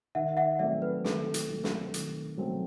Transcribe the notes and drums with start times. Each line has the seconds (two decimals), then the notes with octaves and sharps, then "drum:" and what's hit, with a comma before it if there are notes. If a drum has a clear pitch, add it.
0.15 D#3 E5 F#5
0.37 E5 F#5
0.59 F#3 A3 C4 D5 E5
0.82 B4
1.05 D#3 A4, drum: snare
1.34 drum: hi-hat
1.49 F#3 A3 C4
1.64 drum: snare
1.94 D#3, drum: hi-hat
2.37 F#3 A3 C4